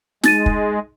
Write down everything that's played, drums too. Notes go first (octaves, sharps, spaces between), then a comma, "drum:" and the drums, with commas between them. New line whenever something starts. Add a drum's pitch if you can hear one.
G#3 D#4 A6 D#7, drum: snare
drum: kick